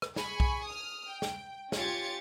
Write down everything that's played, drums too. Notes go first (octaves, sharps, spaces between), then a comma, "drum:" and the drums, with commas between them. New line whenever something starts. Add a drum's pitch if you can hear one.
drum: rim click
G#4 G#5 B5 C#6, drum: snare
drum: kick B1
D#6 F6
G5
drum: snare
C#4 F4 G4 G#6 A6 C#7, drum: snare